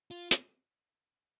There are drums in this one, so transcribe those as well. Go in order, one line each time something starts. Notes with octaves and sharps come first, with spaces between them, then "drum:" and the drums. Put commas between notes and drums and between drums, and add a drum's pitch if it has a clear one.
F4
drum: hi-hat